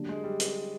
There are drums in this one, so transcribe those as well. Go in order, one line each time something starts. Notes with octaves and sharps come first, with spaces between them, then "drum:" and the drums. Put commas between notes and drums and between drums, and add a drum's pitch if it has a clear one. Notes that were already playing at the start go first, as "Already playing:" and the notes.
Already playing: D3 F#3 A#3 D4 G4
G#3
G3
drum: hi-hat